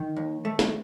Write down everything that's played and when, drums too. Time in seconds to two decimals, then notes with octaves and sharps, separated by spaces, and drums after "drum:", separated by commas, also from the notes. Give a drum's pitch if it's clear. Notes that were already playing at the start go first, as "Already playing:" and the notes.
Already playing: D#3
0.16 D#2
0.45 A3
0.59 drum: snare